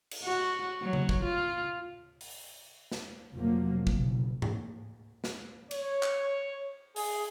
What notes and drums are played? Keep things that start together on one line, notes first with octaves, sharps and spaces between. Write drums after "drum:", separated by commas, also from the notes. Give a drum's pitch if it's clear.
drum: cymbal
F#4
F#3
drum: tom C#3
drum: kick
F4
drum: open hi-hat
drum: snare
F1 C3 F3 F#3 A#3
F#1 B2, drum: kick
drum: tom G#2
drum: snare
C#5, drum: cymbal
drum: clap
G#4, drum: open hi-hat